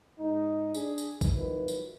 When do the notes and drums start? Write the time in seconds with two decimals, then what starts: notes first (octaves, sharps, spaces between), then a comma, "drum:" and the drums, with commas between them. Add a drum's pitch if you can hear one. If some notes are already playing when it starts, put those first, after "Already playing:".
0.19 G#2 D#4
0.74 D4 G#4, drum: tambourine
0.98 drum: tambourine
1.21 drum: kick, tambourine
1.34 G#1 D#3 F3 F#3 E4 B4
1.68 drum: tambourine